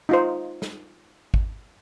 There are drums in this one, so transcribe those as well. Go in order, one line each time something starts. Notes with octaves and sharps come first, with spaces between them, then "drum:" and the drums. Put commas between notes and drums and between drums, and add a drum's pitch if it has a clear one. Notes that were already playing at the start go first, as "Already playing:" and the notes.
D#4 F4 C5
drum: snare
drum: kick G#1